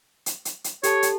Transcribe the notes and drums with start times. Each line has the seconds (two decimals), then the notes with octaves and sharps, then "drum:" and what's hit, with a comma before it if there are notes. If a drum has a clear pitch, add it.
0.26 drum: hi-hat
0.45 drum: hi-hat
0.64 drum: hi-hat
0.83 G4 A4 C#5 A5, drum: hi-hat
1.03 drum: hi-hat